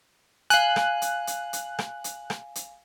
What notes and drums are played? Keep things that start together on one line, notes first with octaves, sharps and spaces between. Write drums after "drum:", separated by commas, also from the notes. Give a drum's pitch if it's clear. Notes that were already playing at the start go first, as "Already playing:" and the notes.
F5 G#5 F#6, drum: hi-hat
drum: rim click
drum: hi-hat
drum: hi-hat
drum: hi-hat
drum: rim click
drum: hi-hat
drum: rim click
drum: hi-hat